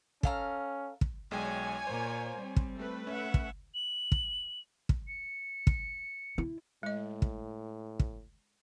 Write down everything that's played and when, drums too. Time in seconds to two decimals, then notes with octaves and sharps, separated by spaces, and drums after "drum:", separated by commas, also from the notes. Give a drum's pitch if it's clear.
0.23 C#4 A4 F5 A#5, drum: kick
1.01 drum: kick
1.31 B1 G#3 C#5 D5 G5 G#5
1.87 A#2 A#3 C5
2.39 G3 C4
2.56 drum: kick
2.76 A3 B4
3.07 C#4 E5 F#5
3.34 drum: kick
3.74 F#7
4.12 drum: kick
4.89 drum: kick
5.08 C#7
5.67 drum: kick
6.38 E4
6.83 A2 G#3 D#5
7.22 drum: kick
8.00 drum: kick